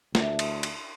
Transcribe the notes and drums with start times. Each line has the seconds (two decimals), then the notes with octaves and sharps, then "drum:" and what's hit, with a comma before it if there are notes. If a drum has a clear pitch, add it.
0.15 D2 D4 E4, drum: snare
0.39 drum: cymbal
0.63 drum: cymbal